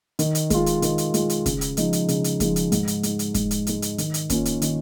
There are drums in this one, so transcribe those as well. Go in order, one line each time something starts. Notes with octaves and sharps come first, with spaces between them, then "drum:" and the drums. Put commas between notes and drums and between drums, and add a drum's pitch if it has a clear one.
D#3, drum: hi-hat
drum: hi-hat
G#3 F4, drum: kick, hi-hat
drum: hi-hat
D#3, drum: hi-hat
drum: hi-hat
G#3 F4, drum: hi-hat
drum: hi-hat
C#3, drum: kick, hi-hat
drum: hi-hat
F3 G#3 D#4, drum: hi-hat
drum: hi-hat
C#3, drum: hi-hat
drum: hi-hat
F3 G#3 D#4, drum: kick, hi-hat
drum: hi-hat
G#2, drum: hi-hat
drum: hi-hat
G#3 D#4, drum: hi-hat
drum: hi-hat
G#2, drum: kick, hi-hat
drum: hi-hat
G#3 D#4, drum: hi-hat
drum: hi-hat
D#3, drum: hi-hat
drum: hi-hat
A#3 C#4 F4, drum: kick, hi-hat
drum: hi-hat
D#3, drum: hi-hat